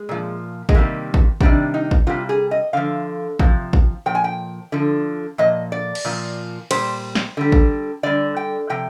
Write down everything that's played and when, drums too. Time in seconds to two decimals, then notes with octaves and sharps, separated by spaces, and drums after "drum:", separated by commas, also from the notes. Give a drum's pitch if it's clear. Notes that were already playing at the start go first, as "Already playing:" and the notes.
Already playing: G#3
0.09 A#2 F3
0.69 G#3, drum: kick A1
0.74 C3 D#3 G3 A#3
1.14 drum: kick A1
1.41 C3 D#3 G3 D4, drum: kick A1
1.74 D#4
1.91 drum: kick A1
2.07 C3 G3 F4
2.29 G#4
2.51 D#5
2.73 D3 F3 F5
3.39 C3 F3, drum: kick A1
3.73 drum: kick A1
4.06 A#2 F3 G5
4.15 G#5
4.24 G5
4.72 D3 F3
5.38 A#2 F3 D#5
5.72 D5
5.95 drum: cymbal
6.05 A#2 F3
6.71 A#2 G3 C5, drum: cymbal
7.15 drum: snare
7.37 D3 G3
7.52 drum: kick A1
8.03 D3 G3 D5
8.36 G5
8.70 C3 F3 G5